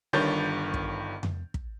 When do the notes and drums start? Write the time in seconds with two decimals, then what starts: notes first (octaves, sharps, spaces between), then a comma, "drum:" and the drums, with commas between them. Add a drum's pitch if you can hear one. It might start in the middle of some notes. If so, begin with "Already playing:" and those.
0.13 G1 G2 D#3 C#5 G6 A6
0.74 drum: kick
1.23 drum: tom F2
1.54 drum: kick